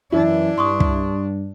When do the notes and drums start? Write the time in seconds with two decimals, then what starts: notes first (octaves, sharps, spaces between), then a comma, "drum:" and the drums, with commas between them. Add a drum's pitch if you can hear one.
0.12 F#2 E3 D4 E4
0.58 G2 C6 C#6 D#6
0.80 drum: kick